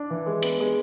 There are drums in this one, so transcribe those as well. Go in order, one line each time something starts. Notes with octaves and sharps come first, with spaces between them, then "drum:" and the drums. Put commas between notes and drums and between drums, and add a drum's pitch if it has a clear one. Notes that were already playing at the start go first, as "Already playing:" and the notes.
Already playing: D4
E3
G#3
B3, drum: hi-hat
G#3